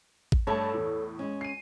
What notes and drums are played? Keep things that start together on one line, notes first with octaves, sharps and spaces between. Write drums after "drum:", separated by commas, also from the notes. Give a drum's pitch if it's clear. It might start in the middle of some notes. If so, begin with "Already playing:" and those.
drum: kick
G2 A3 A4 C#5 D5 A5
E2 A2
G#3 C#4
C7 D#7